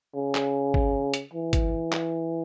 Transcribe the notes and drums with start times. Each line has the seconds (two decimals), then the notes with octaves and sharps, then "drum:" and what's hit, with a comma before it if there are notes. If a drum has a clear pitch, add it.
0.15 C#3
0.35 drum: clap
0.74 drum: kick G#1
1.14 drum: hi-hat
1.33 E3
1.53 drum: kick G#1, hi-hat
1.92 drum: clap